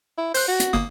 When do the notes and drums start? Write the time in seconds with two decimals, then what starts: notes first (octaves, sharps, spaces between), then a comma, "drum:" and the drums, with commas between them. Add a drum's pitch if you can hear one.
0.18 E4
0.34 C5 F#6 G6, drum: open hi-hat
0.48 F#4
0.60 drum: hi-hat
0.73 G1 A#3 D#6